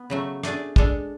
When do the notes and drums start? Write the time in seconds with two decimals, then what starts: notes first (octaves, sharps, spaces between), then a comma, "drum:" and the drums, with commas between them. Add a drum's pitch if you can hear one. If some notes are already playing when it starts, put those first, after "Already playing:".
Already playing: B3
0.10 C#3 F#3 A3
0.43 A3 D4 G#4 D5, drum: rim click
0.76 G#3 D4 A4, drum: kick